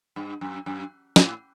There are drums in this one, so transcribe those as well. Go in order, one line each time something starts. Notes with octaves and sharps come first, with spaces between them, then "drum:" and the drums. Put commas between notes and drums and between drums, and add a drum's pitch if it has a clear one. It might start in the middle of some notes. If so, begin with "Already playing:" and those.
G2
F#2
F#2
A2, drum: snare